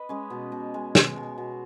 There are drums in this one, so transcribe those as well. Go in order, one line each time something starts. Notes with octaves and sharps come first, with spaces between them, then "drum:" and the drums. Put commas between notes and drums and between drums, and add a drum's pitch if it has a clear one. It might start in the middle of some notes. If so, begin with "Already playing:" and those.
Already playing: B4 D#5
G#3 C#4
B2
B2
G#3
G#3, drum: snare
B2
B2